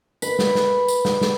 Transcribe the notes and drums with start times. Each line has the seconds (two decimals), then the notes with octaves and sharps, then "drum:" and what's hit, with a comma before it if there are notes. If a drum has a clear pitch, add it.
0.22 B4 B5, drum: tambourine
0.39 drum: snare
0.55 drum: snare
0.88 drum: tambourine
1.05 drum: snare
1.21 drum: snare